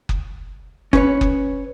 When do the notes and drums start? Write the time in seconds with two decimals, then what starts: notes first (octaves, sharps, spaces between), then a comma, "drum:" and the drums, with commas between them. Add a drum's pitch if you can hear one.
0.09 drum: kick F#1
0.93 C#4 B4 C#5, drum: kick F#1
1.21 drum: kick F#1